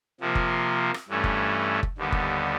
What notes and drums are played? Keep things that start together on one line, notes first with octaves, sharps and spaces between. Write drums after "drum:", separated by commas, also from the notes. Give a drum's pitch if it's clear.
C3 F3 A#3
drum: kick F#1
drum: rim click
G2 E3 A3 C#4
drum: kick F#1
drum: kick F#1
D#2 D3 G3 B3
drum: kick F#1